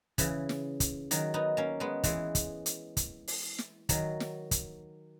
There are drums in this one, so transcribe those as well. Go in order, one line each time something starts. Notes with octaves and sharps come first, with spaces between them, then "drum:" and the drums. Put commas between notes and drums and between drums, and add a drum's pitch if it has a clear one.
C#3 E3, drum: kick, hi-hat
drum: snare
drum: kick, hi-hat
D#3 F#3, drum: hi-hat
B3 D#4
A#3 C#4
G#3 B3
E3 G#3, drum: kick, hi-hat
drum: kick, hi-hat
drum: hi-hat
drum: kick, hi-hat
drum: open hi-hat
drum: snare
D#3 F#3, drum: kick, hi-hat
drum: snare
drum: kick, hi-hat